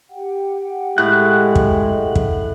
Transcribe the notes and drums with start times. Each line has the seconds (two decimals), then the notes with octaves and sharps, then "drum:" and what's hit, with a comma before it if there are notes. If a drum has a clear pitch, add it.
0.10 G4 F#5 G5
0.98 A2 G#3 F#6
1.55 drum: kick
2.15 drum: kick